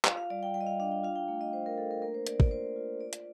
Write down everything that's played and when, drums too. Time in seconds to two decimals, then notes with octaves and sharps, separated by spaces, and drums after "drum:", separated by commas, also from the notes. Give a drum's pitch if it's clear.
0.05 F4 F5, drum: clap
0.17 F5
0.30 G3 D5
0.43 G5
0.54 G3 G5
0.61 D#5
0.67 F5
0.79 D4 F5
0.92 G5
1.03 F4 F5
1.16 G5
1.28 A3
1.41 D#5
1.53 A3 C5
1.66 A#4
1.78 D4 A4
1.91 A#4
2.02 A#3 A#4
2.14 C5
2.27 A#3 D5, drum: hi-hat
2.40 D5, drum: kick
2.51 F4 C5
2.76 F4
3.01 F4 D5
3.13 drum: hi-hat